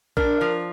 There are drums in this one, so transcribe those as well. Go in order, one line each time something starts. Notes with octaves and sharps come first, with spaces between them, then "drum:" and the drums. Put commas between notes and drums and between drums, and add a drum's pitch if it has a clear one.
D4 A#4, drum: kick A#1
F3